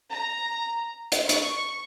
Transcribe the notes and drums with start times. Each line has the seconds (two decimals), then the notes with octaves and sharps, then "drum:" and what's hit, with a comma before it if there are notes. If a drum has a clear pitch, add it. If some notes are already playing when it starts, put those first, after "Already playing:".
0.12 A#5
1.12 drum: hi-hat
1.29 C#6, drum: hi-hat